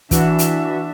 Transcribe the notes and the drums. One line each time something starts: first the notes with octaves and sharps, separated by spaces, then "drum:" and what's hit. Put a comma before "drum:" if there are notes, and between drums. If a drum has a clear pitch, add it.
E3 D4 F#4 E5, drum: kick, hi-hat
drum: hi-hat